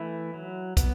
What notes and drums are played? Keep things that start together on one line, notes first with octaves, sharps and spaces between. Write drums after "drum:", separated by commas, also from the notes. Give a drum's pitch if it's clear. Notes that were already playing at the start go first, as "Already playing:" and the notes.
Already playing: E3 A3 E4
F#3
B3, drum: kick, hi-hat